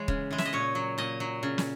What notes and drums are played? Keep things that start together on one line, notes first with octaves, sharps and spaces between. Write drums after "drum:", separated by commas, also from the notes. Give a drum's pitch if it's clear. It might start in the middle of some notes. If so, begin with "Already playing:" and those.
Already playing: E3 G#3 C#5
C#3, drum: kick D#1
E3 G#3
E5, drum: snare
D#5
A#2 C#5
F#3
A#2 D#5
F#3
C#3
drum: snare